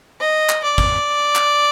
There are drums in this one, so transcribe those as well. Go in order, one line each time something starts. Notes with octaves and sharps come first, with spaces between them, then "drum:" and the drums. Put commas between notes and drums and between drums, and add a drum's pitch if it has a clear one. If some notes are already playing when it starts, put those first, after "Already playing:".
D#5
drum: clap
D5
drum: kick
drum: clap